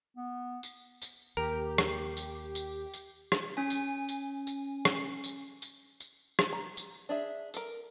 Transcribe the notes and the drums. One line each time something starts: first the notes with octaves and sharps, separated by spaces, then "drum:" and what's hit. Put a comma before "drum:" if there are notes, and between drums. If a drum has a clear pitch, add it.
B3
drum: tambourine
drum: tambourine
D#2 G4 A#4
drum: rim click
drum: tambourine
drum: tambourine
drum: tambourine
drum: rim click
C#4 G#5
drum: tambourine
drum: tambourine
drum: tambourine
drum: rim click
drum: tambourine
drum: tambourine
drum: tambourine
drum: rim click
A#5
drum: tambourine
D4 G#4 E5
A4 A#4, drum: tambourine